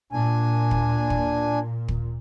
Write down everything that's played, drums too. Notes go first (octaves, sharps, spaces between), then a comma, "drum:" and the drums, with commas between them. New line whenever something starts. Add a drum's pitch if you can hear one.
A#2 D4 G#5
drum: kick
drum: kick
drum: kick